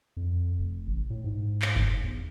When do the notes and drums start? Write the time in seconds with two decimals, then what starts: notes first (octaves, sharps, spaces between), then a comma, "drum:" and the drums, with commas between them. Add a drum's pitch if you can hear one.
0.17 F2
0.59 F1
0.86 A1
1.10 A2
1.24 G#2
1.62 drum: clap
1.76 drum: kick F#1
2.04 E2